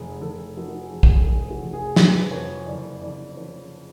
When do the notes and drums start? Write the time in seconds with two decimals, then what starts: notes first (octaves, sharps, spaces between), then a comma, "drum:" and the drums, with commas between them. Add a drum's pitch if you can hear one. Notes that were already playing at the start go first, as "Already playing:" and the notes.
Already playing: F1 G#4
0.21 F1 A4
0.56 F3 F#4
0.68 F#4
0.80 G#4
0.92 F2
1.03 G#4, drum: kick
1.20 A4
1.26 F1 G#4
1.42 G#4
1.50 F#4
1.62 F1
1.73 G#4
1.96 F3 B4, drum: snare
2.31 F2 C#5
2.66 F#1 D5
3.01 F#1 D5
3.37 F3 C#5